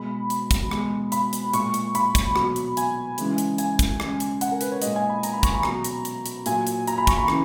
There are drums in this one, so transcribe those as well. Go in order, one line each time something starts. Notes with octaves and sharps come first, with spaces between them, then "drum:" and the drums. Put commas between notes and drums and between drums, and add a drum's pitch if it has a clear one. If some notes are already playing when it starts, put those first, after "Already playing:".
Already playing: B2 G#3 B5
drum: hi-hat
drum: kick, hi-hat
B2 G#3, drum: rim click
B5, drum: hi-hat
drum: hi-hat
A#2 G#3 C#6, drum: hi-hat
drum: hi-hat
B5, drum: hi-hat
drum: kick, hi-hat
B2 F#3, drum: rim click
drum: hi-hat
G#5, drum: hi-hat
C#3 E3 G#3, drum: hi-hat
drum: hi-hat
G#5, drum: hi-hat
drum: kick, hi-hat
C#3 G#3, drum: rim click
drum: hi-hat
F#5, drum: hi-hat
A#4
B4, drum: hi-hat
C#5
A#2 G#3 D#5, drum: hi-hat
G#5
B5
A#5, drum: hi-hat
B5
C#6, drum: kick, hi-hat
B5
B2 F#3 A#5, drum: rim click
drum: hi-hat
drum: hi-hat
drum: hi-hat
A#2 F#3 G#5, drum: hi-hat
drum: hi-hat
A#5, drum: hi-hat
B5
C#6, drum: kick, hi-hat
B5
C#3 E3, drum: rim click